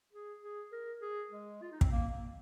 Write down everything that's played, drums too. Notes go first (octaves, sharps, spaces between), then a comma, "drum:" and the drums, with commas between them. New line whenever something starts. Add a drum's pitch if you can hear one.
G#4
G#4
A#4
G#4
G#3
F4
D#4
C4, drum: kick
A#3
A#3